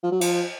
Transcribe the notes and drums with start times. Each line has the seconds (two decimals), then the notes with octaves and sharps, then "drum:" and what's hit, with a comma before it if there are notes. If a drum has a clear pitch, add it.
0.03 F3
0.12 F#3
0.21 F3, drum: cymbal